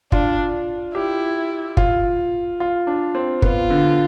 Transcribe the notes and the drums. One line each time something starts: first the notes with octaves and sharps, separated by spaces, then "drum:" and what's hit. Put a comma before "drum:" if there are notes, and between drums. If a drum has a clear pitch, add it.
D4 F4, drum: kick
E4 G4
F4, drum: kick
F4
D4
C4
B3 F4, drum: kick
D3